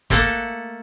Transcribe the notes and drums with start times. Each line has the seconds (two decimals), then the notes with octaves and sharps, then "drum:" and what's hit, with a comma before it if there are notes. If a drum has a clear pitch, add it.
0.10 A3 A#3 A4 F#5, drum: kick